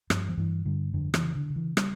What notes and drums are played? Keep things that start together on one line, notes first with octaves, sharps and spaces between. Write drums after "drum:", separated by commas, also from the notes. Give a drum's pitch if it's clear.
G2 F3, drum: rim click
F3
G2 E3
G2 D3
F2 D3
E3, drum: rim click
C#3
D3
C#3
E3
G3, drum: rim click